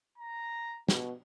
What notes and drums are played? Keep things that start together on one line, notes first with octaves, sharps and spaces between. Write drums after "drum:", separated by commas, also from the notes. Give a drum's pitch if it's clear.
A#5
B2, drum: snare